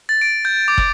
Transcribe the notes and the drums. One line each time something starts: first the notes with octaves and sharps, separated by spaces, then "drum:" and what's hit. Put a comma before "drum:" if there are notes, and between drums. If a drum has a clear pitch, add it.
A6
D7
G6
D6
drum: kick